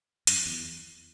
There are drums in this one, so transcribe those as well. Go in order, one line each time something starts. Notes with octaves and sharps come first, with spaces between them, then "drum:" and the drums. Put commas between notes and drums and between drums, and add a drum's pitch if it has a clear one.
F#2, drum: hi-hat
E2